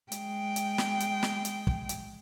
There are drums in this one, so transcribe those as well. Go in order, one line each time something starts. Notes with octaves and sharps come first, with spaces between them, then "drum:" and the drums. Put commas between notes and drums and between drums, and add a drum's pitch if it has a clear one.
G#3 G5, drum: hi-hat
drum: hi-hat
drum: snare
drum: hi-hat
drum: snare
drum: hi-hat
drum: kick
drum: hi-hat